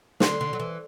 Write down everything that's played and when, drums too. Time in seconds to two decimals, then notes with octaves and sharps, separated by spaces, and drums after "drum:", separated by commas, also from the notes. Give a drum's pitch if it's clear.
0.20 D3 C6, drum: snare
0.41 D3
0.53 F#3
0.60 E3